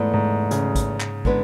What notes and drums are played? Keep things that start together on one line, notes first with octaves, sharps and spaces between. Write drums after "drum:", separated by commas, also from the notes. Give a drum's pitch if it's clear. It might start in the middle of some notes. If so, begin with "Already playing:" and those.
Already playing: E2 G#2 A3 E4 B4
G#2
C#3, drum: hi-hat
drum: kick, hi-hat
drum: clap
D3 G#3 B3 E4 B4, drum: kick